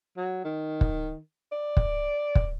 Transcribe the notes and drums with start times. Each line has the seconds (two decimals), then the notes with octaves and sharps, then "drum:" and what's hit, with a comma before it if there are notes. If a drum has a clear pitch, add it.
0.17 F#3
0.44 D#3
0.81 drum: kick
1.52 D5
1.77 drum: kick
2.35 drum: kick